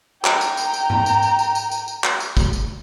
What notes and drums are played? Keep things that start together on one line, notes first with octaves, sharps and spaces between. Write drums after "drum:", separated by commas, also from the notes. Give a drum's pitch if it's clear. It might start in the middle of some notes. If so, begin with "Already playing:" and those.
G5 A#5, drum: clap
drum: tambourine
drum: tambourine
drum: tambourine
drum: tom G#2
drum: tambourine
drum: tambourine
drum: tambourine
drum: tambourine
drum: tambourine
drum: tambourine
drum: clap
drum: tambourine
drum: kick, tambourine
drum: tambourine